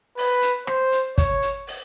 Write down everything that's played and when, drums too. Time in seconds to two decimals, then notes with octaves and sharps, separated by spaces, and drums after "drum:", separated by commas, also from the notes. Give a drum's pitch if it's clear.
0.17 B4, drum: open hi-hat
0.42 drum: hi-hat
0.67 C5, drum: rim click
0.92 drum: hi-hat
1.18 C#5, drum: kick, hi-hat
1.42 drum: hi-hat
1.67 drum: open hi-hat